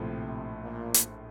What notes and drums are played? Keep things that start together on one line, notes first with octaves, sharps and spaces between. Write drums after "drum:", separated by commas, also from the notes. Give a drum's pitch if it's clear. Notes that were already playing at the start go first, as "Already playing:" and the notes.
Already playing: A#1 A2 C3 F3
A#2
drum: hi-hat